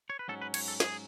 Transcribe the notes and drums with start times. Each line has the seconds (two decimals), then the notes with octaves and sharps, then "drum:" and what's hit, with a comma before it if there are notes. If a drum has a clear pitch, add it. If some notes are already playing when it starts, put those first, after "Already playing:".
0.10 C#5
0.19 B4
0.28 G#2 F#3 C#4 A4
0.42 B4
0.54 C#5, drum: cymbal
0.68 A4
0.80 G#4, drum: snare